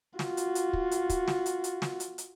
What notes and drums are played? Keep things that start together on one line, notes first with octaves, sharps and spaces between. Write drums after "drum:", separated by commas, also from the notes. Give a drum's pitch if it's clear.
F4 F#4, drum: snare
drum: hi-hat
drum: hi-hat
drum: kick
drum: hi-hat
drum: kick, hi-hat
drum: snare
drum: hi-hat
drum: hi-hat
drum: snare
drum: hi-hat
drum: hi-hat